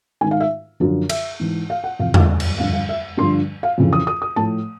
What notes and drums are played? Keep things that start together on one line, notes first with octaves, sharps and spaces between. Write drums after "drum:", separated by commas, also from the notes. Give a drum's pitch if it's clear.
G#2 D#3 G#5
F5
E5
F#2 D3 F3
E5, drum: cymbal
G#2 E3
F5
F#5
F2 C3 E3 F5
F5, drum: tom E2
drum: cymbal
G2 D3 F3 F5
F5
E5
G2 D3 F3 C6
F5
F2 C#3 E3
D#6
D#6
D#6
A2 F3 A5